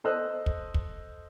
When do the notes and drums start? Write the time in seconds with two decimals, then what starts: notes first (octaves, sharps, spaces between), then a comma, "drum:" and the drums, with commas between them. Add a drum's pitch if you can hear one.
0.04 A4 C5 D#5 E6 F#6
0.46 drum: kick
0.74 drum: kick